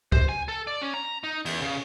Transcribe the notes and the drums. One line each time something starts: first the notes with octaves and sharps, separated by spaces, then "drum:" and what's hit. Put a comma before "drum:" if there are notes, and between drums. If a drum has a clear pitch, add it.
C5, drum: kick C#2
G#5
A4
D5
C#4
A#5
D#4
E2, drum: cymbal
C#3